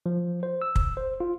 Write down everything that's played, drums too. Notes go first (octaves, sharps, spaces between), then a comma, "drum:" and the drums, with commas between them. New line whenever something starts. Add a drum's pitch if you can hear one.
F3
C5
E6
drum: kick
C5
F4